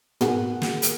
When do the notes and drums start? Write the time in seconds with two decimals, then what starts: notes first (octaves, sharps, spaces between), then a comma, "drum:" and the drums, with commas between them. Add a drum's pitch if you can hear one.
0.21 B3 F#4 G#4 A#4 F#5, drum: tom
0.62 drum: snare
0.82 drum: hi-hat